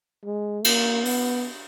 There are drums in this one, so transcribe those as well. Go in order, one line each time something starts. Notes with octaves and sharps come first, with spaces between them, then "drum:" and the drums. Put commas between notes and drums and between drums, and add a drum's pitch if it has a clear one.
G#3
A#3, drum: cymbal
B3, drum: open hi-hat